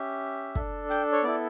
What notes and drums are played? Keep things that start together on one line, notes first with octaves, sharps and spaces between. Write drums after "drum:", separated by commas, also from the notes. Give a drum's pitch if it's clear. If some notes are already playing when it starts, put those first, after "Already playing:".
Already playing: C#4 G4 E5
D4 A4, drum: kick
G5, drum: hi-hat
C#5
B3 E4 A4 D5